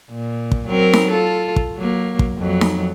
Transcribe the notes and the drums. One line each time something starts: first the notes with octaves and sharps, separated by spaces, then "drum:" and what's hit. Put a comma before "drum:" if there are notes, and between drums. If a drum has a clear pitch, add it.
A#2
drum: kick
F#3 C4 A#4
drum: snare D#4
F4 A4
drum: kick
F#3 A#3
drum: kick
F2 F#3
drum: snare D#4